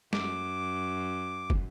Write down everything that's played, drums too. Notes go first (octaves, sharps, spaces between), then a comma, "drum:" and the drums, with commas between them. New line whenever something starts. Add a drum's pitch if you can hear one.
F#2 D6, drum: snare
drum: kick